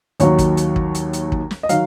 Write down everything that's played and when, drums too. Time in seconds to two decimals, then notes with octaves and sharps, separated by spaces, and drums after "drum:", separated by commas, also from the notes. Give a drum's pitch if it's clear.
0.20 D#2 D#3 F#3 C#5, drum: hi-hat
0.38 drum: kick, hi-hat
0.57 drum: hi-hat
0.76 drum: kick
0.95 drum: hi-hat
1.13 drum: hi-hat
1.32 drum: kick
1.51 drum: snare
1.63 D#5
1.69 D#3 F#3 F5, drum: hi-hat